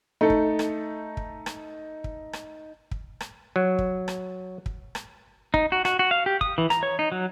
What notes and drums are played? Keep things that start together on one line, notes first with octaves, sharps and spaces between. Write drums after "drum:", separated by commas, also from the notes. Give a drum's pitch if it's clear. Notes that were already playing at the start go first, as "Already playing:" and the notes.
A3 D#4 A4
drum: kick
drum: rim click
drum: kick
drum: rim click
drum: kick
drum: rim click
drum: kick
drum: rim click
F#3
drum: kick
drum: rim click
drum: kick
drum: rim click
D#4, drum: kick
F#4
F#4, drum: rim click
F#4
F5
G4
D#6, drum: kick
E3
A#5, drum: rim click
C#5
D#4
F#3